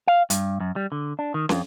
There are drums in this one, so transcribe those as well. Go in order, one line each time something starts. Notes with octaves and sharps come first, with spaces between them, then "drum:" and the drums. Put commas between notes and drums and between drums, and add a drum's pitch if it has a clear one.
F5
G2, drum: hi-hat
F#2
G3
D3
D4
D#3
F2, drum: snare